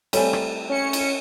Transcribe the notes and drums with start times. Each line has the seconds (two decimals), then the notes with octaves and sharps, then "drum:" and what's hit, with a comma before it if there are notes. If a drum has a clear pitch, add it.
0.13 G3 A3 C4 A4 C#5 G#5, drum: cymbal
0.33 drum: rim click
0.69 C#4 C#7
0.93 drum: cymbal